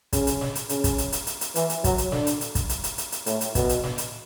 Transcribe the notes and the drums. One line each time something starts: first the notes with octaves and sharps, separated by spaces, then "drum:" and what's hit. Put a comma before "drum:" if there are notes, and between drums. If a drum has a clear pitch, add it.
C#3, drum: kick, hi-hat
drum: hi-hat
drum: snare
drum: hi-hat
C#3, drum: hi-hat
drum: kick, hi-hat
drum: hi-hat
drum: hi-hat
drum: hi-hat
drum: hi-hat
E3, drum: hi-hat
drum: hi-hat
F#3, drum: kick, hi-hat
drum: hi-hat
D3, drum: snare
drum: hi-hat
drum: hi-hat
drum: kick, hi-hat
drum: hi-hat
drum: hi-hat
drum: hi-hat
drum: hi-hat
A2, drum: hi-hat
drum: hi-hat
B2, drum: kick, hi-hat
drum: hi-hat
drum: snare
drum: hi-hat